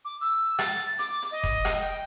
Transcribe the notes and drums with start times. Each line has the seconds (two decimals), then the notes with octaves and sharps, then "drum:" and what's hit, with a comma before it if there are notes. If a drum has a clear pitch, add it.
0.05 D6
0.21 E6
0.59 A6, drum: rim click
0.99 D6, drum: hi-hat
1.22 drum: hi-hat
1.31 D#5
1.44 drum: kick F1, hi-hat
1.65 drum: rim click
1.80 G5